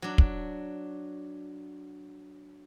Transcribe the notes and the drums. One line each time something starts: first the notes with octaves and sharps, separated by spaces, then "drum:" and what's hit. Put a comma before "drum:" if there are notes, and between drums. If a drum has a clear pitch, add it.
F#3 D4
drum: kick